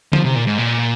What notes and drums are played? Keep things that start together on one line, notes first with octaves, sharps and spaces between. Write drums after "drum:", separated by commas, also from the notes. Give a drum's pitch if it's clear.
F3, drum: tom
C3
A#2
G#2
A#2